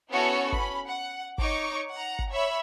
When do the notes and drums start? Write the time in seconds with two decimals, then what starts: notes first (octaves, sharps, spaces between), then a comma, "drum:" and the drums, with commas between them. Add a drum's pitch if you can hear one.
0.10 B3 C#4 E4 F#4 A4 C#5
0.52 C#4 B5, drum: kick G1
0.87 F#5
1.38 D#4 C#5 C#6 D6, drum: kick G1
1.93 F#5 A#5
2.19 drum: kick G1
2.31 C#5 E5 B5